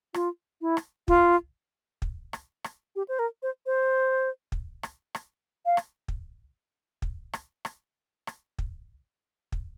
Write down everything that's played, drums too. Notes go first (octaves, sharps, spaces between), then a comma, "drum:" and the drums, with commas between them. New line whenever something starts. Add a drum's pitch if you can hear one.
F4, drum: rim click
E4
drum: rim click
F4, drum: kick
drum: kick
drum: rim click
drum: rim click
G4
C5
A#4
C5
C5
drum: kick
drum: rim click
drum: rim click
F5
drum: rim click
drum: kick
drum: kick
drum: rim click
drum: rim click
drum: rim click
drum: kick
drum: kick